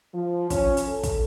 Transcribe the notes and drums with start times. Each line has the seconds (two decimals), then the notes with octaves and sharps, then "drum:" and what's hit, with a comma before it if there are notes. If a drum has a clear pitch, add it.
0.13 F3
0.50 C#4, drum: kick, hi-hat
0.77 drum: hi-hat
0.87 A4
1.03 drum: kick, hi-hat